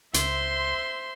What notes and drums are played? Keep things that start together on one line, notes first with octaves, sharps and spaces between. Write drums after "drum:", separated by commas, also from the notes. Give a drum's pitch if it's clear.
C#2 C5 E5 C6, drum: hi-hat